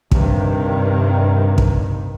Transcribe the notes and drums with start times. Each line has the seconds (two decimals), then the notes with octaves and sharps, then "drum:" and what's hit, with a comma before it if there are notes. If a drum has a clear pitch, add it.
0.11 G2 C3 D#3, drum: kick
1.58 drum: kick